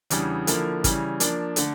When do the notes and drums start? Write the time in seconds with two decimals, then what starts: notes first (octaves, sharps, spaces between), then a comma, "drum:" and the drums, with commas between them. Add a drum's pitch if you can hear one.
0.10 E2 C#3 E3 G3 D4, drum: hi-hat
0.47 D3 F3 A#3 E4, drum: hi-hat
0.84 C#3 E3 G3, drum: kick, hi-hat
1.20 F3 A#3 D4, drum: hi-hat
1.56 D3 A3, drum: hi-hat